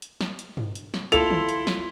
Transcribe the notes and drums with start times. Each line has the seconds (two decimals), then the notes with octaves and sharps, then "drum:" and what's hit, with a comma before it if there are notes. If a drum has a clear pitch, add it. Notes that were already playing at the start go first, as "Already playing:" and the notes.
0.02 drum: hi-hat
0.21 drum: snare
0.39 drum: hi-hat
0.57 drum: tom G2
0.75 drum: hi-hat
0.94 drum: snare
1.12 E4 F4 A4 C6 F7, drum: hi-hat
1.30 drum: tom
1.49 drum: hi-hat
1.67 drum: snare